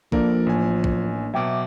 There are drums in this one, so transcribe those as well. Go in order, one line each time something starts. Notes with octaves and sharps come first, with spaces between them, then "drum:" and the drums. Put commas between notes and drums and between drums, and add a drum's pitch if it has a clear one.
F3 A#3 D4 A4 A#4 D5, drum: kick A1
A1 G#5
drum: kick A1
B2 F#3 E5 G5 D6